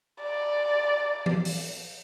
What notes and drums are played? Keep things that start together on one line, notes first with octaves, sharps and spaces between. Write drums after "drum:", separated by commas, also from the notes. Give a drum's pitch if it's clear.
D5
drum: tom E3
drum: open hi-hat